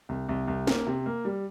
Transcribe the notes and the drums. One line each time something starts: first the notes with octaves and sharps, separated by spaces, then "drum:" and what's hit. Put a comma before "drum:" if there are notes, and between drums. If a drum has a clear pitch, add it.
C2
C2
C2
A#3, drum: snare
C3
A#3
G3